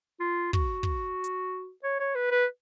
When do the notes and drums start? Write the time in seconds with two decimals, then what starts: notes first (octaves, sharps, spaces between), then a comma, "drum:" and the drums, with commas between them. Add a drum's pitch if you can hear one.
0.20 F4
0.53 F#4, drum: kick
0.83 drum: kick
1.24 drum: hi-hat
1.83 C#5
2.00 C#5
2.15 B4
2.31 B4